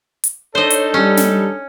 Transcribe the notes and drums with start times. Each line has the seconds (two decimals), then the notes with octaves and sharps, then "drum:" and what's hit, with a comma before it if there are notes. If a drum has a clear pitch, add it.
0.24 drum: hi-hat
0.55 D4 D#4 A4 C5 C#5 D#5
0.70 drum: hi-hat
0.94 G3 C#4
1.17 drum: snare